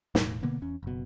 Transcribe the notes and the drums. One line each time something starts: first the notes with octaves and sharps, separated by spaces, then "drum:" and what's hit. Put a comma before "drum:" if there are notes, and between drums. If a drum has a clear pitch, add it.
E1 A2, drum: snare
B2 D3 A#3 B3
E2 C#4
F#1 B2